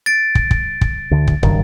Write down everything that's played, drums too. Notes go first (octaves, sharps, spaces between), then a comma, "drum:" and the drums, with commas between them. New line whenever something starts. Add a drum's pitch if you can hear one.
A6 D7
drum: kick
drum: kick
drum: kick
D2 D3
drum: kick
F#1 G2 D#3, drum: kick